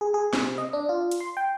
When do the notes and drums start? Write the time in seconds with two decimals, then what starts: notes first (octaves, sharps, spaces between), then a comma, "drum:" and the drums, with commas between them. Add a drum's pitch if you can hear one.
0.01 G#4
0.14 G#4
0.33 C3, drum: snare
0.58 D#5
0.73 D4
0.89 F4
1.11 drum: hi-hat
1.20 C6
1.37 G5